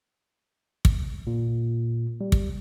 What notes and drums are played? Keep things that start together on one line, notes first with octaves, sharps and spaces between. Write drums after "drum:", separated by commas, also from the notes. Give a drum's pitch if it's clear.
drum: kick
A#2
G3
drum: kick